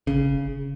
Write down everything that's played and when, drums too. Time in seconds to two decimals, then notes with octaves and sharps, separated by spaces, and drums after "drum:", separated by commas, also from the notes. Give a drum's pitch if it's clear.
0.07 C#3, drum: tom